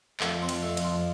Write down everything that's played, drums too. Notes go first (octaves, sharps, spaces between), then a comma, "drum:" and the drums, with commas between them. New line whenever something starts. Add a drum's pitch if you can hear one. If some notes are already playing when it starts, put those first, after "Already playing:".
F2 A3 A4, drum: clap
C4 C5
F2, drum: cymbal
A3 A4
F2, drum: cymbal
F3 F4